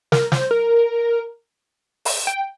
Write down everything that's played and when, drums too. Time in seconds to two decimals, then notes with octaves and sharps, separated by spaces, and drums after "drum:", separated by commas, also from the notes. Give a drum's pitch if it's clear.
0.12 A#4, drum: snare
0.32 C5, drum: snare
0.51 A#4
2.05 drum: open hi-hat
2.27 G5